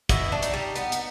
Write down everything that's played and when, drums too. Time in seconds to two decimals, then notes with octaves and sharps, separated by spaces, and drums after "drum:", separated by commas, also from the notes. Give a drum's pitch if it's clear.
0.09 B2 E4, drum: kick, hi-hat
0.32 D4
0.43 D#4, drum: hi-hat
0.53 G3
0.76 B3, drum: hi-hat
0.92 drum: hi-hat